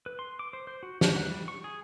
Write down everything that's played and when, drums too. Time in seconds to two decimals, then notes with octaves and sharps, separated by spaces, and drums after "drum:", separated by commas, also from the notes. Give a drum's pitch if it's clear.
0.06 B4
0.19 C6
0.39 D6
0.53 C5
0.67 C5
0.83 F#4
1.01 F#4, drum: snare
1.16 F#5
1.31 G3
1.48 C#6
1.64 G#4